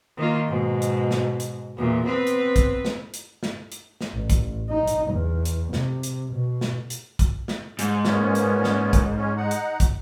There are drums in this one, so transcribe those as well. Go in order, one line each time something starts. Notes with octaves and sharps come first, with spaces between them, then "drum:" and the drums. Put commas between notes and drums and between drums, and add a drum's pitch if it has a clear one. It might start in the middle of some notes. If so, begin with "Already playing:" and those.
D#3 A#3 F4
G#2 B2
drum: hi-hat
drum: snare
drum: hi-hat
E2 A#2
B3 C4 B4
drum: hi-hat
drum: kick, hi-hat
drum: snare
drum: hi-hat
drum: snare
drum: hi-hat
drum: snare
A1
drum: kick, hi-hat
D#4
drum: hi-hat
E2
drum: hi-hat
C3, drum: snare
drum: hi-hat
B2
drum: snare
drum: hi-hat
drum: kick, hi-hat
drum: snare
G#2, drum: hi-hat
A#2 B3 C#4, drum: snare
drum: hi-hat
drum: snare
drum: kick, hi-hat
C#4
D#4 F#5
drum: hi-hat
drum: kick, hi-hat